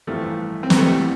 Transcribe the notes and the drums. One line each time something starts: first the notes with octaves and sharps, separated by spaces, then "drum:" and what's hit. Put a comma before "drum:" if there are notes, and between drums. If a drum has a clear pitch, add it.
A1 G2 E3 F3 A3
C4
B3, drum: snare
A3
D2 C3 E3 G3